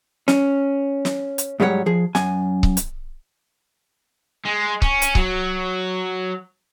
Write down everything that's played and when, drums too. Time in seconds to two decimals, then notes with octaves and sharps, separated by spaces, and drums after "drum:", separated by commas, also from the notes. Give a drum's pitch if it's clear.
0.28 C#4, drum: snare
1.05 drum: snare
1.38 drum: hi-hat
1.60 G#2 F#3 G3 F#4 C#5 F#5
1.86 F3 G#4
2.15 F#2 G#5, drum: snare
2.63 drum: kick C#1
2.77 drum: hi-hat
4.45 G#3
4.82 C#4, drum: kick C#1
5.02 drum: hi-hat
5.15 F#3, drum: kick C#1